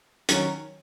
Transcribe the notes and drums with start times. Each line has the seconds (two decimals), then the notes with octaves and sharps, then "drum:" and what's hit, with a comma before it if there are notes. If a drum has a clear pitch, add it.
0.29 D#3 F#3 C#4, drum: hi-hat